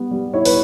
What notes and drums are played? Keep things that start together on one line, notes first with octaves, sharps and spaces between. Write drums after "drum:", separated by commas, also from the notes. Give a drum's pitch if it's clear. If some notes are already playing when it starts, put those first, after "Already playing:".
Already playing: G3 B3
G3
E4 C#5
B4, drum: open hi-hat